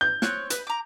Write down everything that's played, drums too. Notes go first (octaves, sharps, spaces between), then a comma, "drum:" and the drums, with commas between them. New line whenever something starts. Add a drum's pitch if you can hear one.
G6
C4 C#5 F#6, drum: snare
B4, drum: hi-hat
A#5 D6